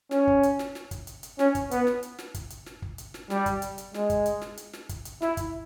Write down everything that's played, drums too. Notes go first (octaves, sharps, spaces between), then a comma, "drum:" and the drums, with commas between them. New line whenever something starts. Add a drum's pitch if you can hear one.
C#4, drum: snare
drum: kick
drum: hi-hat
drum: snare
drum: snare
drum: kick, hi-hat
drum: hi-hat
drum: hi-hat
C#4, drum: snare
drum: kick, hi-hat
B3, drum: hi-hat
drum: snare
drum: hi-hat
drum: snare
drum: kick, hi-hat
drum: hi-hat
drum: snare
drum: kick
drum: hi-hat
drum: snare
G3, drum: snare
drum: kick, hi-hat
drum: hi-hat
drum: hi-hat
G#3, drum: snare
drum: kick, hi-hat
drum: hi-hat
drum: snare
drum: hi-hat
drum: snare
drum: kick, hi-hat
drum: hi-hat
E4, drum: snare
drum: kick, hi-hat